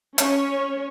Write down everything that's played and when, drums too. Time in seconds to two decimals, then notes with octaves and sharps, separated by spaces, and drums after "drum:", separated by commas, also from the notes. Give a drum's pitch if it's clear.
0.18 C#4 C#5, drum: hi-hat